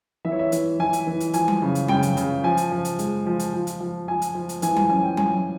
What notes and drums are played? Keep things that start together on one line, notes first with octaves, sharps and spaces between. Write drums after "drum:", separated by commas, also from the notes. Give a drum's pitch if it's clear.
E3 E5
C#5
E5
E3, drum: hi-hat
E3 G#5
drum: hi-hat
E3
drum: hi-hat
F3 G#5, drum: hi-hat
drum: tom F#3
C#3
drum: hi-hat
C#3 G5, drum: tom F#3
drum: hi-hat
C#3, drum: hi-hat
F3 G#5
drum: hi-hat
F3
drum: hi-hat
G#3, drum: hi-hat
F3
drum: hi-hat
F3
drum: hi-hat
F3
F3 G#5
drum: hi-hat
F3
drum: hi-hat
E3 G#5, drum: hi-hat
G#5, drum: tom F#3
C#4 G#5
G5
C#4 G#5, drum: tom F#3